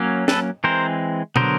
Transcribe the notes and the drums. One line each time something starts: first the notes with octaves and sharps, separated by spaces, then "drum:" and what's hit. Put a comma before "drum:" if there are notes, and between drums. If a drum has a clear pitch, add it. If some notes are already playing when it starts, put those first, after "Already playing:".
Already playing: F#3 A#3 C#4
A4 B4, drum: snare
E3 G#3 C4 A#4 C5
D3 F#3 B3 A#4 C5, drum: tom